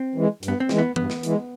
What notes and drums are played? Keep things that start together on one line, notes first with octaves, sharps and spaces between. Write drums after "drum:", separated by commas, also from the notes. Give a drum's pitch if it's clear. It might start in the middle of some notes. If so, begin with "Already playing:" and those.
Already playing: C4
E3 G#3
G2, drum: hi-hat
B3
C4
E3 G#3, drum: snare
B3
G2 B3, drum: tom
drum: snare
E3 G#3, drum: hi-hat